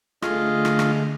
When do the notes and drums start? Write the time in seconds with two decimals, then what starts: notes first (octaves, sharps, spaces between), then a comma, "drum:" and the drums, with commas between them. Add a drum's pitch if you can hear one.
0.22 D3 A3 F4 G#4 D#5, drum: rim click
0.65 drum: rim click
0.79 drum: rim click